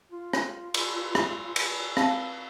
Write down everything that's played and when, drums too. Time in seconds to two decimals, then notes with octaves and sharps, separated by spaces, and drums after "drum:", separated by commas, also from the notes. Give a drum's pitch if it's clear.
0.12 F4
0.33 drum: rim click
0.74 drum: cymbal
1.15 drum: rim click
1.56 drum: cymbal
1.97 C4 F5 A5, drum: rim click